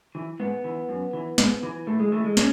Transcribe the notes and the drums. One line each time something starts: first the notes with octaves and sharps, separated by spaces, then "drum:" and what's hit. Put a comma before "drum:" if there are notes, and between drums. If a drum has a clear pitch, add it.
E3
G#2 B3
E3
F#2
E3
G#2, drum: snare
E3
A2 A3
G#3
E3 A3
G#3
A2 C#4, drum: snare